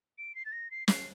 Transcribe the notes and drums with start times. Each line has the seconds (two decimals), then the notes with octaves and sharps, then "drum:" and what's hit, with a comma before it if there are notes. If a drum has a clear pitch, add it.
0.18 D7
0.35 C7
0.46 A6
0.52 A#6
0.71 C7
0.88 C7, drum: snare